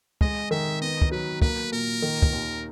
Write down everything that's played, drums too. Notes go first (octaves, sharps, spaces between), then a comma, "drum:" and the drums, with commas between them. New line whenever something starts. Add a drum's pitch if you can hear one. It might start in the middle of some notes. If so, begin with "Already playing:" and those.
G#3 D#5, drum: kick
D#3 E5
B3 D#5
drum: kick
F#3 B4
A#3 B4, drum: kick
A#2 A#4
D#3
drum: kick
D#2